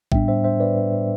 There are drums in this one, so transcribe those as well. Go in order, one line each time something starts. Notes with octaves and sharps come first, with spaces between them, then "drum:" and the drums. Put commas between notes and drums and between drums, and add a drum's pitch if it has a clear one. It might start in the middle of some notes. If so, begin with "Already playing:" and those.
A2 G3 B3 D4 E5 G5, drum: kick A1
C5 E5
C5 E5
B4 D5